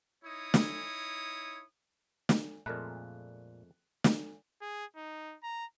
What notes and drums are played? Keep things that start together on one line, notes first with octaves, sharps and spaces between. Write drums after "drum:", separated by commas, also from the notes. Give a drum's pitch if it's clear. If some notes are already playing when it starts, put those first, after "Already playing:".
D#4 E4 C#5 D#6
drum: snare
drum: snare
F2 A#2 G#3 A3 A#4 D5 B5 F#6
drum: snare
G#4
D#4
A#5